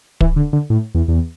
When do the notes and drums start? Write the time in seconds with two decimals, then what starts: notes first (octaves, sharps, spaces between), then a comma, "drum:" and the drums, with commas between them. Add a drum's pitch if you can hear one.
0.21 E3, drum: kick
0.36 D3
0.53 D3
0.70 A2
0.95 E2
1.08 E2